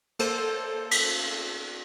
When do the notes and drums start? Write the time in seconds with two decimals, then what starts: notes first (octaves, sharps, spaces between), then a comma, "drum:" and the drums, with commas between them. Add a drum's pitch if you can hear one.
0.19 A#3 A4 C5, drum: cymbal
0.91 drum: cymbal